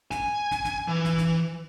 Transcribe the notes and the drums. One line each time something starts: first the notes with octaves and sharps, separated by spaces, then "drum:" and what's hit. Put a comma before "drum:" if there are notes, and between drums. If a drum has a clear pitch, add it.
G#5, drum: snare
drum: snare
drum: snare
E3
drum: snare
drum: snare